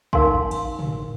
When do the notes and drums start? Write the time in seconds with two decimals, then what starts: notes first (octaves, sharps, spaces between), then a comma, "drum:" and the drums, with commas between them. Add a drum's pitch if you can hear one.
0.13 D#4 A#4 F5 G#5 C6, drum: kick
0.51 drum: cymbal
0.79 drum: tom